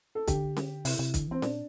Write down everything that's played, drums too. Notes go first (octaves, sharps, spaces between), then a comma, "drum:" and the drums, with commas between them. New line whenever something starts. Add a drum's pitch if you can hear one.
A4
D3 G4, drum: kick, hi-hat
drum: snare C#4
C3 E4, drum: open hi-hat
C3
D3, drum: kick, hi-hat
E3 C4
A#2 D4, drum: snare C#4